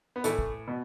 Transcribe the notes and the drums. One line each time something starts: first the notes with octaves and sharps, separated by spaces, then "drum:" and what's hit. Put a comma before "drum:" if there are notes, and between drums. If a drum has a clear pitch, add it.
B3
A2 E3 A3, drum: hi-hat
drum: kick
B2